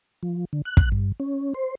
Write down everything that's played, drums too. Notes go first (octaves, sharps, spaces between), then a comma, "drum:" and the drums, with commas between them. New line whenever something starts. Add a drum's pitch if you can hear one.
F3
D3
F#6
drum: kick
G2
C#4
C5